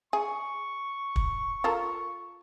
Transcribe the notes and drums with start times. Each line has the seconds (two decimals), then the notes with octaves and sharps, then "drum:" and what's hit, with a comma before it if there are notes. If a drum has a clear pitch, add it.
0.13 G#4 C#6
1.16 drum: kick
1.64 F4 A4 A#4